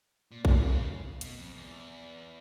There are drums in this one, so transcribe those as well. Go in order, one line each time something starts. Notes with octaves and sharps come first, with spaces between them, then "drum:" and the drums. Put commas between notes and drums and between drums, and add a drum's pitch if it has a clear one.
A#2
B2, drum: kick A#1
C3
C#3
B2, drum: hi-hat
F2
E2